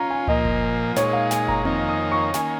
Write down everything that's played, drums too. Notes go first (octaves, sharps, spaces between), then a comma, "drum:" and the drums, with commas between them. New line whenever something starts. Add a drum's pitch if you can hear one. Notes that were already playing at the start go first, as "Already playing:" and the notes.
Already playing: C#4 F4 A#5
G#5
A#2 F3 A#3 D#5, drum: tom C#2
drum: kick F#1
A#2 G#3 D#4 C#5, drum: snare
F5
G#5, drum: snare
A#5, drum: kick F#1
F2 D#3 A#3 D#4, drum: tom C4
D#6
C#6
D#3 A#3 C#4 G#5, drum: snare